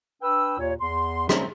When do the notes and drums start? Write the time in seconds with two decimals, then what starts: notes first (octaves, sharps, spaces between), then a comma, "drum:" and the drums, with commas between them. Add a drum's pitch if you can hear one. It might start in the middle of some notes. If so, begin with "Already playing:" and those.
0.22 D4 B4 G5 E6
0.58 D#2 A#2 C#5
0.80 E2 C6
1.29 D#3 F#3 G3 A3 C4 C#4, drum: rim click